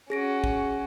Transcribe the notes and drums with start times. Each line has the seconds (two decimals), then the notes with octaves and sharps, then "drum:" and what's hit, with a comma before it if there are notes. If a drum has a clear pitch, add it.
0.10 C#4 F#4 G#4 A#6 D7
0.44 drum: kick